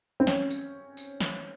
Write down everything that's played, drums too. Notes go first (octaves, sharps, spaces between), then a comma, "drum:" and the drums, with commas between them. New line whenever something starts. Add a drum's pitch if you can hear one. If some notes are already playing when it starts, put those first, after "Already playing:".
C4
C#4, drum: snare
drum: tambourine
drum: tambourine
drum: snare